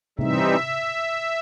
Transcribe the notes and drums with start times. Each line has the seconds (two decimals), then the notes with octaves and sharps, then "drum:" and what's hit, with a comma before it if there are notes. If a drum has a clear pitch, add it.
0.19 E3 G3 C4 D#4 E5, drum: tom C3